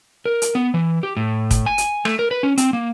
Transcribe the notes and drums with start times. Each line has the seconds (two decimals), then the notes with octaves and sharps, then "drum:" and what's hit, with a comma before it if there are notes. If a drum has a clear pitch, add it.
0.26 A#4
0.42 drum: hi-hat
0.55 B3
0.74 E3
1.03 G4
1.17 A2
1.51 drum: kick, hi-hat
1.66 G#5
1.78 drum: hi-hat
2.05 A3, drum: rim click
2.19 A#4
2.31 B4
2.43 C#4
2.58 C4, drum: hi-hat
2.73 A#3